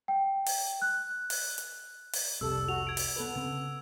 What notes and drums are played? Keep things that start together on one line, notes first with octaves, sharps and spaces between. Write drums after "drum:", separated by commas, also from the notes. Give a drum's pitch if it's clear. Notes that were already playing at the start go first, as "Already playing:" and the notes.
G5
drum: open hi-hat
F#6
drum: open hi-hat
drum: hi-hat
drum: open hi-hat
F1 C2 C3 G3 A4 E6
F#4 F7
G#6 D7
drum: open hi-hat
B3 A4 B4
C#3 C4